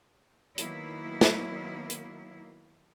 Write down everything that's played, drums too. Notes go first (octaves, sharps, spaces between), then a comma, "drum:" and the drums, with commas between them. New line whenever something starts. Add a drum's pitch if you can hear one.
D#3 F#3 A#3 B3 E4, drum: hi-hat
drum: snare
drum: hi-hat